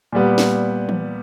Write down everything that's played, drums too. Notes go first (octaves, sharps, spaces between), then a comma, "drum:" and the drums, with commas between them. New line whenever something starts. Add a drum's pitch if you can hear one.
A#2 G3 B3
drum: snare
drum: tom E3